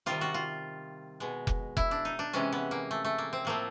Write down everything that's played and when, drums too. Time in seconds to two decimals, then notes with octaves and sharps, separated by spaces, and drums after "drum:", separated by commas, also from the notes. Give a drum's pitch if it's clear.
0.06 C3 D#3 G3 F4
0.21 F#4
0.34 F4
1.20 B2 G#3
1.47 drum: kick F1
1.77 E4, drum: kick F1
1.91 D4
2.05 D#4
2.19 D4
2.33 C3 E3 G#3 C#4
2.52 B3
2.71 A#3
2.91 A3
3.05 A3
3.18 A#3
3.33 C4
3.45 A2 F3 A3 A#3